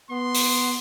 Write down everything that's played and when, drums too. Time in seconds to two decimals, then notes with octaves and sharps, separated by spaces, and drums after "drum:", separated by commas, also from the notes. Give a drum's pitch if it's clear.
0.10 B3 C6
0.34 drum: open hi-hat